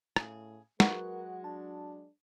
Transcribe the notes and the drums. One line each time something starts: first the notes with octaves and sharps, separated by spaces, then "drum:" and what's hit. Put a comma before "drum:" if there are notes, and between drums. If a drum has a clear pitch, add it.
A2 C#3 G#4, drum: rim click
F#3 G#3 F#4 A#4 B4 F#5 A#5 C#6, drum: snare
D4 A5